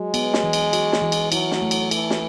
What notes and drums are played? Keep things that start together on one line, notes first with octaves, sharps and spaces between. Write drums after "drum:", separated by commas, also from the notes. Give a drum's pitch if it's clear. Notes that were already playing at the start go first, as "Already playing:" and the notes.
Already playing: F#3 G#3
B3, drum: cymbal
drum: snare
E3
drum: cymbal
F#4, drum: cymbal
drum: snare
E3
drum: cymbal
F#3 E4, drum: cymbal
drum: snare
A3
drum: cymbal
E3 A4, drum: cymbal
drum: snare